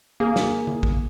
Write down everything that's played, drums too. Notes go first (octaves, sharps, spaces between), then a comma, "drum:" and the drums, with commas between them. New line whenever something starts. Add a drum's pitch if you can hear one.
A#3 G#4
drum: snare
drum: tom D3
drum: kick